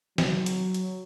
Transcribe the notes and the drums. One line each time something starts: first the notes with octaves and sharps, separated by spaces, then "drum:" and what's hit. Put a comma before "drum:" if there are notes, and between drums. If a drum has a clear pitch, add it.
F#3, drum: snare
drum: hi-hat
drum: hi-hat